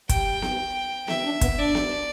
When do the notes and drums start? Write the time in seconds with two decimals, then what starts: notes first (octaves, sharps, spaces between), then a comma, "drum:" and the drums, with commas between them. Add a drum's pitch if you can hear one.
0.09 G3 G5, drum: kick, hi-hat
0.42 drum: snare B3
1.08 E3 E5, drum: snare B3
1.25 D4
1.41 B3, drum: kick, hi-hat
1.58 D4 D5
1.75 drum: snare B3